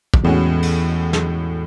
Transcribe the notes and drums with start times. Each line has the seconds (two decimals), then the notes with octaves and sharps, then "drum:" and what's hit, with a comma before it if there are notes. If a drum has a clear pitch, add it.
0.14 drum: kick
0.24 E2 A2 G#3 C#4 F#4
0.62 drum: cymbal
1.13 drum: snare